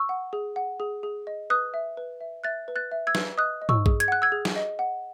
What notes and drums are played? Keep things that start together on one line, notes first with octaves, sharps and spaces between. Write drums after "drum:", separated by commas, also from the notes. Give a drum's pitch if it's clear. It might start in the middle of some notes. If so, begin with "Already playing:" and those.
Already playing: C#6 E6
F#5
G#4
F#5
G#4
G#4
D#5
B4 D#6 F#6
E5
B4
E5
E5 F#6 A6
B4
F#6 A6
E5
E6 G#6
B4, drum: snare
D#5 D#6 F#6
D#5
C#6 E6, drum: tom
G#4, drum: kick A1
G#6, drum: hi-hat
F#5 F#6
E6 G#6
G#4
drum: snare
D#5
F#5